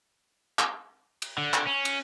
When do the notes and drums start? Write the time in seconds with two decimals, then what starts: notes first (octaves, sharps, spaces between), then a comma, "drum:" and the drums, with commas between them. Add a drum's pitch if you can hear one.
0.59 drum: clap
1.22 drum: cymbal
1.38 D3
1.54 drum: clap
1.67 C#4
1.85 drum: cymbal